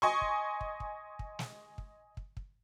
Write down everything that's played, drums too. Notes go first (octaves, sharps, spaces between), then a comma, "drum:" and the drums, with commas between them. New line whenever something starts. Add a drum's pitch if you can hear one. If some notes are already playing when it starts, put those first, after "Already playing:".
D#5 G#5 C6 C#6
drum: kick
drum: kick
drum: kick
drum: kick
drum: snare
drum: kick
drum: kick
drum: kick